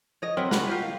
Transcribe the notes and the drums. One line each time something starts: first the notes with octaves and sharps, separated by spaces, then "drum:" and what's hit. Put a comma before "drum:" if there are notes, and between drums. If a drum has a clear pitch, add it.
C#5 D#5
F#3 C4 A#4 B4
C#4 F#4 A#4 B5, drum: snare
F4 G4 B4
F5